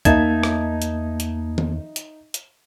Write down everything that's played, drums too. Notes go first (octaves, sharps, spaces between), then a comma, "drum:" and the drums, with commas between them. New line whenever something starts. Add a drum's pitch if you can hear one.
E2 A#3 D#4 E5 A5 G#6, drum: kick, hi-hat
drum: rim click
drum: hi-hat
drum: hi-hat
drum: tom D#3
drum: hi-hat
drum: hi-hat